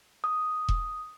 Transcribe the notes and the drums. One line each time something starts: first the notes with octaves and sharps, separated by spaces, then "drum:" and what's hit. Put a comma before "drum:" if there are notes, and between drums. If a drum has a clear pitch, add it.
D#6
drum: kick E1